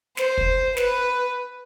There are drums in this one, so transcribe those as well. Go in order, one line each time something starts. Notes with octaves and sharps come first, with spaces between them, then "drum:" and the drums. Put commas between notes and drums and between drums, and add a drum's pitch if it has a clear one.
C5, drum: snare
drum: kick
B4, drum: snare